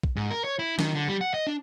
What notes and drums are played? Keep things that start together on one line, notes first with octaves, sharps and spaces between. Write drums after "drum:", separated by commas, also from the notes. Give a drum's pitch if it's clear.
drum: kick A#1
G#2
A#4
C#5
E4
D#3, drum: snare
D3
G3
F#5
D#5
D4